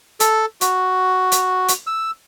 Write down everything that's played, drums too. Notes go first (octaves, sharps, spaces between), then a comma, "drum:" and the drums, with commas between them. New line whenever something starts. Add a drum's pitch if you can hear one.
A4, drum: hi-hat
F#4, drum: hi-hat
drum: hi-hat
drum: hi-hat
E6